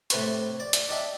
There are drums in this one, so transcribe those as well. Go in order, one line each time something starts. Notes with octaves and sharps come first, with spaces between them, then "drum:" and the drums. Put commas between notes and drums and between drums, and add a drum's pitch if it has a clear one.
A2 C3 B4 C#6, drum: hi-hat
D5
drum: hi-hat
D4 D#4 G4 E5